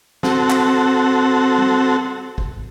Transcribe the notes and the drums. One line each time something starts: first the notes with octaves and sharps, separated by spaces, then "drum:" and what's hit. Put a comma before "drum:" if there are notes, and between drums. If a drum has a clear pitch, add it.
C4 F#4 A4, drum: snare
drum: clap
drum: tom G3
drum: kick